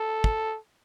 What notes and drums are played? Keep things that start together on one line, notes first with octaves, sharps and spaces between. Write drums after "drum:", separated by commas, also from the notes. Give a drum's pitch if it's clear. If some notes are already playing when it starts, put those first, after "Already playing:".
Already playing: A4
drum: kick